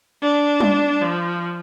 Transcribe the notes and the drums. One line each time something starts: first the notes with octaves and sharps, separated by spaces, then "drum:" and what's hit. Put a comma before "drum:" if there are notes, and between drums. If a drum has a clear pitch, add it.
D4
drum: tom G3
F3